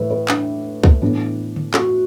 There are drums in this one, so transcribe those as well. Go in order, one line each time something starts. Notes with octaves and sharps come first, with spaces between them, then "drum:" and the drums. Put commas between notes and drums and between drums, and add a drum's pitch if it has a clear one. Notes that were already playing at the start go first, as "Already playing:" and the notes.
Already playing: A2 E3 A3 B4
B4
D4, drum: clap
drum: kick
A2 E3 B3 D4
drum: tom
F#4, drum: clap